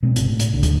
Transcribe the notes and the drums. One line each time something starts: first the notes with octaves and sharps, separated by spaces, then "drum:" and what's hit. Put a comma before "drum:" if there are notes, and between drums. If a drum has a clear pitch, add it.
B2 G#3 C4 C#4
G1 C3, drum: hi-hat
A2
drum: hi-hat
C#2 D3
drum: kick, hi-hat